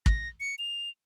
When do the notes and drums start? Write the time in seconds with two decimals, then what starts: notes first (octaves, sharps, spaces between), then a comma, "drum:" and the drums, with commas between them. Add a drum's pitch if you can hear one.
0.06 A#6, drum: kick
0.40 C#7
0.58 F7